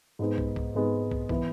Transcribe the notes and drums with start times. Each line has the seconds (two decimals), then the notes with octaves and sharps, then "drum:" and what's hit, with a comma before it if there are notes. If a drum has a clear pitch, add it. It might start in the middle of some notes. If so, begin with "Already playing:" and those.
0.19 G#2 G#3 B3
0.38 drum: kick
0.56 drum: kick
0.75 G#2 G#3 B3
1.11 drum: kick
1.29 E3 B3, drum: kick